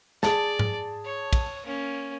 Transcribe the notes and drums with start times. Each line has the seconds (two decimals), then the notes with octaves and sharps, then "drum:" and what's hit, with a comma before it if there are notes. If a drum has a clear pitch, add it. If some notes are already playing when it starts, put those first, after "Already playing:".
0.23 G#4 D5 A5, drum: snare
0.59 drum: tom G#2
1.04 C#5
1.33 drum: kick, cymbal
1.65 A#3 C#4